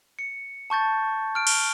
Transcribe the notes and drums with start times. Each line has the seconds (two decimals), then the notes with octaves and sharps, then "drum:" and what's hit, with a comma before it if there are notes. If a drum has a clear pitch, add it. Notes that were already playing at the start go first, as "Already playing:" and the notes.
0.19 C#7
0.70 A5 C#6 G6 A6
1.35 F6 D7
1.47 drum: cymbal